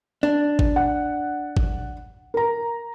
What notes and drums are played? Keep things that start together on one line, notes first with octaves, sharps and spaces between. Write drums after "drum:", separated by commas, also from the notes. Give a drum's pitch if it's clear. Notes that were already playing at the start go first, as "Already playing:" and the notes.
D4
drum: kick G#1
F#5
drum: kick G#1
A#4 A#5